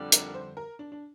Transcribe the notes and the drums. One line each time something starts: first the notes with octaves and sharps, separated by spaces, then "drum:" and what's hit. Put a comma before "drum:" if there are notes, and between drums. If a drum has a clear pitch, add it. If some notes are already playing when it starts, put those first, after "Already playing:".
Already playing: F2 D3 G3 D4
A#4, drum: hi-hat
C5
A#4
D4
D4